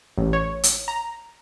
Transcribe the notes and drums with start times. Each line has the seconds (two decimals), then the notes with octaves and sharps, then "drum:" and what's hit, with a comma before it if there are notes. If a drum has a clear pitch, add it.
0.18 A1
0.33 C#5
0.63 drum: hi-hat
0.88 A#5